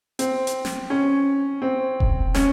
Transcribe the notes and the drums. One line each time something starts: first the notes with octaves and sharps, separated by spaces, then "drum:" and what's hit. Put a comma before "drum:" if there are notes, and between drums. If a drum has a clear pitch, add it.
C4, drum: hi-hat
drum: hi-hat
drum: snare
C#4
C4
drum: kick E1
C#4, drum: snare